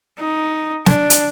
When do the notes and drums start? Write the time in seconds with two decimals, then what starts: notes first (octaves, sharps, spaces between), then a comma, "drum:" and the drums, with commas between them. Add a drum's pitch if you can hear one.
0.19 D#4
0.86 D4, drum: snare
1.10 drum: hi-hat